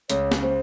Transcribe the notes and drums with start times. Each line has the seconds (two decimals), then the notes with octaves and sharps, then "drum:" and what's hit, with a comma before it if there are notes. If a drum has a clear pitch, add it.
0.10 C#2 C#5, drum: hi-hat
0.31 C#4, drum: snare
0.42 C5